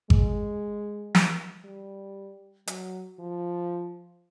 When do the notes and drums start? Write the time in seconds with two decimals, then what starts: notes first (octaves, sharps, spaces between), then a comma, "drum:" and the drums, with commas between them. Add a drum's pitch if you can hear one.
0.10 G#3, drum: kick G#1
1.15 drum: snare
1.64 G3
2.67 F#3, drum: hi-hat
3.19 F3